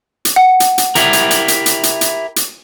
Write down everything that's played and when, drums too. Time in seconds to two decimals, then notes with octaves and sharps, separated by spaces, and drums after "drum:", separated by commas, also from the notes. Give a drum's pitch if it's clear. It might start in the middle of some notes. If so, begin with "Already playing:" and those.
0.25 drum: hi-hat
0.36 F#5
0.60 drum: hi-hat
0.78 drum: hi-hat
0.95 E4 G4 A#4, drum: hi-hat
1.13 drum: hi-hat
1.31 drum: hi-hat
1.48 drum: hi-hat
1.66 drum: hi-hat
1.83 drum: hi-hat
2.01 drum: hi-hat
2.36 drum: hi-hat